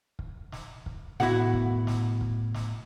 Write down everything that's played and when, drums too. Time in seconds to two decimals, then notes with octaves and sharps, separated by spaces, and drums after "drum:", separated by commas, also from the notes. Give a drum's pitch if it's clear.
0.19 drum: kick
0.52 drum: snare
0.86 drum: kick
1.20 A2 B3 D4 E4 F#4 F#5, drum: snare
1.53 drum: kick
1.87 drum: snare
2.21 drum: kick
2.55 drum: snare